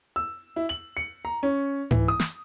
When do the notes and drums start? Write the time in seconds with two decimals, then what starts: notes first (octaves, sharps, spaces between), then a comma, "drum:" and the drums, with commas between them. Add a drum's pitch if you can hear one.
0.16 E6
0.56 E4
0.69 F#7
0.97 C#7
1.25 A#5
1.43 C#4
1.91 E3, drum: tom G#2
2.08 D#6
2.20 drum: snare